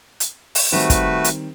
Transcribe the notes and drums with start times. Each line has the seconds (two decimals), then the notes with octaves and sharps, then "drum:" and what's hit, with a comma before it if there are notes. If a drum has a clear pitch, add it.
0.20 drum: hi-hat
0.55 drum: open hi-hat
0.72 D#3 G3 A3 C4 F#4 B4
0.90 drum: kick, hi-hat
1.24 drum: hi-hat